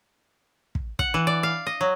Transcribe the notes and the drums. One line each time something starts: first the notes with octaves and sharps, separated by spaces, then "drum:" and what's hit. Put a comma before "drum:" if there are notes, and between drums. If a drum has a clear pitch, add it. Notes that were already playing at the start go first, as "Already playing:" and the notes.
drum: kick
F#5, drum: kick
E3
D5
F5
D#5
F#3